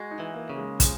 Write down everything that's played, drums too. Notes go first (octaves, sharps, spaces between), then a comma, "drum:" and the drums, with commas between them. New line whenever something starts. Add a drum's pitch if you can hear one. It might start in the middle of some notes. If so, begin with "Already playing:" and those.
Already playing: G#3 F#4
D#4
E3
A#3
C#3
G#3
F3 G#3, drum: kick, hi-hat